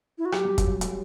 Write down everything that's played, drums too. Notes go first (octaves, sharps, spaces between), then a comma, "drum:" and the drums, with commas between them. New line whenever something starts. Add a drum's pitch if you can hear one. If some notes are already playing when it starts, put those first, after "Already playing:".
E4
F#4
F#3 G4, drum: rim click
G3
F#3, drum: kick, hi-hat
G3, drum: hi-hat